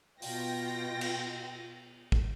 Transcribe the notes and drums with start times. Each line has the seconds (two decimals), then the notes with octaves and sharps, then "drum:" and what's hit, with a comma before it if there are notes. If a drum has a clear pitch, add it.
0.22 B2 F4 G5 A#6, drum: open hi-hat
1.01 drum: cymbal
2.12 drum: kick